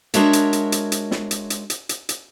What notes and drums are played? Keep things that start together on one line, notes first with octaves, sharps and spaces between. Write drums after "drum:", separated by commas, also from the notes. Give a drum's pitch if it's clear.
G#3 D4 F#4 A#4 C#5 E5, drum: hi-hat
drum: hi-hat
drum: hi-hat
drum: hi-hat
drum: hi-hat
drum: snare
drum: hi-hat
drum: hi-hat
drum: hi-hat
drum: hi-hat
drum: hi-hat